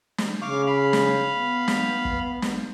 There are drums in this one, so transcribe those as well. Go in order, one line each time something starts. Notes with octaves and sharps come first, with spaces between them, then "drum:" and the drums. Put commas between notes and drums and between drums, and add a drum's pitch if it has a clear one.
drum: snare
C#3 F5 C#6 D6
F5 B5
drum: snare
B3
drum: snare
drum: kick
drum: snare